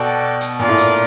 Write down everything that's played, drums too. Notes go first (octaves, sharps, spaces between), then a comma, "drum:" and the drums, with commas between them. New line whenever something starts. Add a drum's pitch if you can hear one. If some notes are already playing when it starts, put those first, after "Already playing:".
Already playing: B2 F#4 A4 D5 G5
drum: hi-hat
A#2 D4 F4 A#4 D5
A2
drum: hi-hat